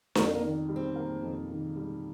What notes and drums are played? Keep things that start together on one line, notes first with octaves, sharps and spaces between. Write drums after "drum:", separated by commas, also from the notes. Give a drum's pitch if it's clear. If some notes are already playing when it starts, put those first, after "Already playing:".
F2 A#3, drum: snare D4
A#3
D#3
G3
C4
A#3
F2
D#3
G3